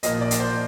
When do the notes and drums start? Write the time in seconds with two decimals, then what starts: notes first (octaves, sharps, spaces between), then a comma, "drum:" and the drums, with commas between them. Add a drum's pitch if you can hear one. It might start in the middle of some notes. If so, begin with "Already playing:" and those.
0.03 A#2 F3 A#3 D#5, drum: hi-hat
0.21 D5
0.31 drum: hi-hat
0.40 C5